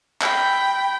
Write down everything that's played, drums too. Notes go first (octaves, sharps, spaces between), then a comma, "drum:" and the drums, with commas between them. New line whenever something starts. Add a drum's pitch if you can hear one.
G5 B5, drum: clap